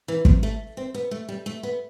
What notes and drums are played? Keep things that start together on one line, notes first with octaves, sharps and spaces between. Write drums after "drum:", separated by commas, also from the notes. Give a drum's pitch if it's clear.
E3
C3, drum: kick
A3
C4
B3
A3
G3
A3
B3